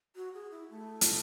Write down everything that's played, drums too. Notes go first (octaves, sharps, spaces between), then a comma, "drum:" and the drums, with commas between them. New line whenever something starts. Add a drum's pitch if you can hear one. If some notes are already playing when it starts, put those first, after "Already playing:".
F#4
G#4
E4
A3
drum: hi-hat